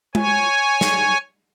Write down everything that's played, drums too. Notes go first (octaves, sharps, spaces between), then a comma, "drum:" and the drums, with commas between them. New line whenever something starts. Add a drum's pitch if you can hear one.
C#5 G#5, drum: tom
drum: snare